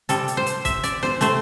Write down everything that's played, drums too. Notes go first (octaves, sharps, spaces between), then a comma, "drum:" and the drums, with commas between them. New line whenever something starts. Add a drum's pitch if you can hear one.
C3 G3 A4, drum: hi-hat
drum: hi-hat
C5
drum: hi-hat
E5, drum: kick, hi-hat
D5, drum: hi-hat
C5, drum: snare
C3 A3 C5, drum: hi-hat